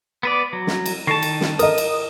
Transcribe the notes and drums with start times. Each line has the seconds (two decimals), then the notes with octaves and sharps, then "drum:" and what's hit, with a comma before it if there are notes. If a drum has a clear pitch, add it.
0.23 B3 B4 D5
0.53 F#3
0.67 drum: snare
0.86 drum: cymbal
1.07 D#3 A5 C#6 C7
1.22 drum: cymbal
1.41 drum: snare
1.59 A#4 D#5 D#6, drum: cymbal
1.78 drum: cymbal